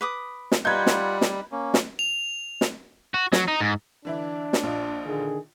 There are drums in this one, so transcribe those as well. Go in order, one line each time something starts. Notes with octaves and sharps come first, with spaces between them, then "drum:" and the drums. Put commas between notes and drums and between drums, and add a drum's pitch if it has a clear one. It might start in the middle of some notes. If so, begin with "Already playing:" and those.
B4 D6 D#6
drum: snare
G3 D#4 F4 B4 F#5 G6 G#6
drum: snare
drum: snare
A#3 C#4
drum: snare
F7
drum: snare
F#4
F#3, drum: snare
D#4
G#2
D3 E3 D4 E4
drum: snare
A#1 F4 D#5
D3 D#3 G#4